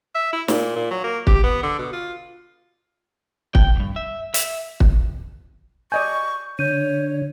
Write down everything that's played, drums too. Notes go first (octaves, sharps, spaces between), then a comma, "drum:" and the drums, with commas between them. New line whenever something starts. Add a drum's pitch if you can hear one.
E5
E4
A#2, drum: snare
A#2
F#3
A#3
G4, drum: kick
B3
D3
B2
F4
G5, drum: kick
B1 G2
E5
E5, drum: hi-hat
drum: kick
D5 D#5 G#5 C#6 G6
D3 C#5 G6 D#7